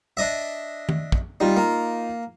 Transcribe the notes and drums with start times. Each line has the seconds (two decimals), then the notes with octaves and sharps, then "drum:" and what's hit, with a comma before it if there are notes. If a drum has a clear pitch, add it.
0.17 D4 D#5 E5
0.89 drum: tom D#3
1.12 drum: kick
1.40 G3 D#4 F4
1.56 A#3